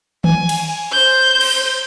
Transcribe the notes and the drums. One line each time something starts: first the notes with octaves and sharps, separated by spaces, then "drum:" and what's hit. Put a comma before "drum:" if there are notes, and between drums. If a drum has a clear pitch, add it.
G#5, drum: tom D#3
drum: cymbal
C5 G6
drum: cymbal